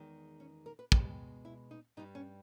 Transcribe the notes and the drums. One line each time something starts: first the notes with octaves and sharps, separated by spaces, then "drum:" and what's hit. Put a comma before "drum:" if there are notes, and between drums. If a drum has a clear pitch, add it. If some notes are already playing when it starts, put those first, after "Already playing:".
Already playing: E2 D#3 G#3
C#4
A#4
B4
B2 G#3 G4, drum: kick
E4
D#4
G2 G3 D#4
C#4